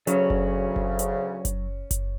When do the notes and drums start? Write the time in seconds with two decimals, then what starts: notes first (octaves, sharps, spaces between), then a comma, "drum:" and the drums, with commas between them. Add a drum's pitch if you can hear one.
0.07 D2 C#3 F#3 C#4, drum: hi-hat
0.30 drum: kick F#1
0.76 drum: kick F#1
0.99 drum: hi-hat
1.45 drum: kick F#1, hi-hat
1.91 drum: kick F#1, hi-hat